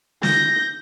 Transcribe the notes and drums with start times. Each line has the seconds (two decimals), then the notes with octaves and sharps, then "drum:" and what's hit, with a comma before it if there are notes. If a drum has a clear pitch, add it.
0.23 G6 A#6, drum: snare